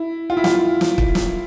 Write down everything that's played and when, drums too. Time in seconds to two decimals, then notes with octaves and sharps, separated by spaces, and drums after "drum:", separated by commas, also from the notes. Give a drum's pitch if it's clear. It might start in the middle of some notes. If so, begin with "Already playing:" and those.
Already playing: E4
0.30 F4
0.37 E4
0.44 F4, drum: snare
0.81 drum: snare
0.98 drum: kick
1.15 drum: snare